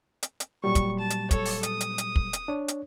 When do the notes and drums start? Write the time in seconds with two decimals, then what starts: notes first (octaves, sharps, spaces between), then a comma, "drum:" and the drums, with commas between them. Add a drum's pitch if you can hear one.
0.23 drum: hi-hat
0.40 drum: hi-hat
0.64 A#2 F#3 G3 C#6
0.75 drum: kick, hi-hat
0.99 A5
1.10 drum: hi-hat
1.31 A4 C#5, drum: kick, hi-hat
1.45 drum: open hi-hat
1.63 D#6, drum: hi-hat
1.81 drum: hi-hat
1.98 drum: hi-hat
2.16 drum: kick
2.33 drum: hi-hat
2.48 D4 C#5
2.68 drum: hi-hat